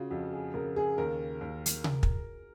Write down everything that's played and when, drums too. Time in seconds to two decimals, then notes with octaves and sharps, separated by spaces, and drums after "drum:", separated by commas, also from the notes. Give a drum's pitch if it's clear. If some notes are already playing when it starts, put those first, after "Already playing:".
Already playing: C#3 F4 F#4 G#4
0.11 F2 F#4
0.33 G#4
0.54 C#3 A#4
0.76 G#4
0.98 D#2 A#4
1.41 D#2
1.66 drum: hi-hat
1.84 drum: tom C3
2.03 drum: kick